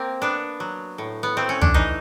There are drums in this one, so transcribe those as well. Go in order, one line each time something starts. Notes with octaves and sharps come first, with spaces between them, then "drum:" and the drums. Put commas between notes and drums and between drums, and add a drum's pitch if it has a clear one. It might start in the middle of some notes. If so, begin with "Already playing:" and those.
Already playing: A#3 C4
B3 D4
F#3
A2
B3
A3 C4
C#4
D4, drum: tom
E3 D#4